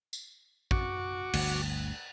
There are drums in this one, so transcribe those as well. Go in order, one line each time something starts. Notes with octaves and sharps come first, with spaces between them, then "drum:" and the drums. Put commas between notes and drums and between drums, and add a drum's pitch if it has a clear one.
drum: tambourine
F#4 C#6 D6, drum: kick
G1 D2, drum: cymbal